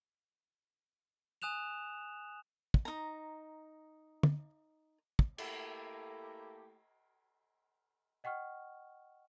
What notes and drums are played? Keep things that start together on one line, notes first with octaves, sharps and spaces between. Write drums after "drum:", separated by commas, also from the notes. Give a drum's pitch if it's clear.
G#5 D#6 F#6 E7 F7
drum: kick
D#4 A#5
drum: tom
drum: kick
A3 A#3 E4 G4 A4, drum: cymbal
D#5 F#5 G5 C#6 F6